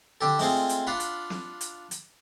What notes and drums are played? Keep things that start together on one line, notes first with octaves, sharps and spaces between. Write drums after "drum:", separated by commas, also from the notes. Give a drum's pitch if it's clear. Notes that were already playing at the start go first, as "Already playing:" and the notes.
D3 D4 G4 A4
G#3 A3 C4 F4 G#4, drum: open hi-hat
drum: hi-hat
D4 F4 F5 F#5 B5
drum: hi-hat
drum: snare
drum: hi-hat
drum: hi-hat